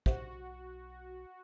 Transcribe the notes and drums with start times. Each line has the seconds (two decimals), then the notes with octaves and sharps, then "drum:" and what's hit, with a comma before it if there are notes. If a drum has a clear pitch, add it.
0.06 B1 F#4 G4 C5 E5, drum: kick